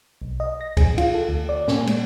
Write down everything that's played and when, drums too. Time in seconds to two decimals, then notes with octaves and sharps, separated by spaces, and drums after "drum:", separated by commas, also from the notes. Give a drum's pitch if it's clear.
0.22 B1
0.40 D#5
0.61 A#6
0.77 G#4, drum: kick C#2, cymbal
0.98 F4, drum: cymbal
1.14 A4
1.29 D2
1.49 D5
1.68 A#2, drum: snare
1.87 G#3, drum: cymbal